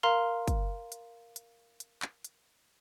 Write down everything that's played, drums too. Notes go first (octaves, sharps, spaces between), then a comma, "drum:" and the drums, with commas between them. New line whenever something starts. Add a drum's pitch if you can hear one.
A#4 F5 A#5 C6 F6
drum: kick, hi-hat
drum: hi-hat
drum: hi-hat
drum: hi-hat
drum: clap
drum: hi-hat